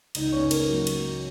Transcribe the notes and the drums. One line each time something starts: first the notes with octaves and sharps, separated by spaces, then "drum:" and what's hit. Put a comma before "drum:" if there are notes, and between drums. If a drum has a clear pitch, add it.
C#2 C#3 D#4 D#5, drum: cymbal
C#4 C#5
A#3 A#4, drum: cymbal
F#3 F#4
drum: cymbal